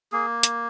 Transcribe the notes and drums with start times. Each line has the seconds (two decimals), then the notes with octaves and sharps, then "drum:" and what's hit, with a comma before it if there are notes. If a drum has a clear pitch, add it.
0.12 A#3 G#4
0.43 drum: hi-hat